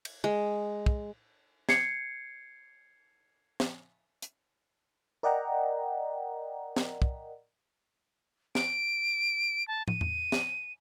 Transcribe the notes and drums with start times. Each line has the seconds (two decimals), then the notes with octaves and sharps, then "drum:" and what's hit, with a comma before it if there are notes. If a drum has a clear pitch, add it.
0.05 drum: cymbal
0.24 G#3
0.86 drum: kick
1.69 G#6 C7 C#7, drum: snare
3.60 drum: snare
4.22 drum: hi-hat
5.23 A#4 D5 D#5 F#5 G5 A#5
6.76 drum: snare
7.02 drum: kick
8.55 D7, drum: snare
9.68 A5
9.88 D#7, drum: tom
10.01 drum: tom E2
10.32 drum: snare